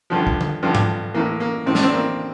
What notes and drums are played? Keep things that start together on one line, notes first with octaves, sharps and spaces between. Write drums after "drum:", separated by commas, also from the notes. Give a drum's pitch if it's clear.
G2 D3 F3
drum: kick
drum: tom D3
G2 D3 F3
drum: tom G#2
A2 E3 A#3
A#3
A2 E3 C4
D4, drum: snare
C4
A#3